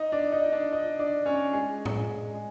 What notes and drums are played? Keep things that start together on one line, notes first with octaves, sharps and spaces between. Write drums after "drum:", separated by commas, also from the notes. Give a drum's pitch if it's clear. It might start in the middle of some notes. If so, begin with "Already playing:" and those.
Already playing: D#4 D#5
D4 D5
D#4 D#5
D4 D5
D#4 D#5
D4 D5
C#4 C#5
G#3 G#4
drum: tom A2
G#3